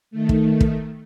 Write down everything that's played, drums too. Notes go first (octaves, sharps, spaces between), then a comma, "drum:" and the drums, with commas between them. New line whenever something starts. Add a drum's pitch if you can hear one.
D#3 A3
drum: kick
drum: kick